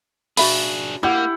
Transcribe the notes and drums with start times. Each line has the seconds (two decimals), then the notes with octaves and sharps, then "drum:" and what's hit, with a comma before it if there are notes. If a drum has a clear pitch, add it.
0.37 D4 F#4 G#4 E5 B5, drum: open hi-hat
1.03 A#3 E4 G4 F#5